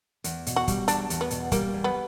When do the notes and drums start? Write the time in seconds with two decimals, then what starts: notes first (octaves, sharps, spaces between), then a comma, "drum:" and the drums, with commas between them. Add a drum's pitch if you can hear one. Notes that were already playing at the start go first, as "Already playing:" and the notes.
0.24 E2, drum: hi-hat
0.46 B2, drum: hi-hat
0.56 F#4
0.68 G3, drum: kick, hi-hat
0.88 E2 D4, drum: hi-hat
1.10 E2, drum: hi-hat
1.21 B3
1.30 B2, drum: hi-hat
1.52 G3 A#3, drum: kick, hi-hat
1.73 E2
1.84 B3